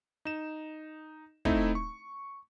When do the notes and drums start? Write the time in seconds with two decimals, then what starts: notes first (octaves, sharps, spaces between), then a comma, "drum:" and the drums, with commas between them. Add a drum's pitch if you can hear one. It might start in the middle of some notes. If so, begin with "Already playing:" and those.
0.25 D#4 E7
1.45 A3 C4 D#4 E4, drum: kick
1.75 C#6